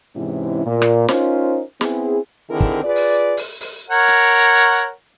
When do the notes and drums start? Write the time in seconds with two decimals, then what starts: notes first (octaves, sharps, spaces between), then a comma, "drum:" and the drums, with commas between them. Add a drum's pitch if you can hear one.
0.16 G#2 C3 E3 G#3 C#4 E4
0.66 A#2
0.82 drum: rim click
1.08 C#4 D#4 F4 A#4 C5, drum: snare
1.81 B3 C4 E4 G#4, drum: snare
2.50 D3 D#3 C4 E4 G#4 A#4
2.60 drum: kick
2.84 F4 G#4 B4 D5
2.96 drum: open hi-hat
3.37 drum: open hi-hat
3.61 drum: open hi-hat
3.90 A#4 C#5 F#5
4.08 drum: hi-hat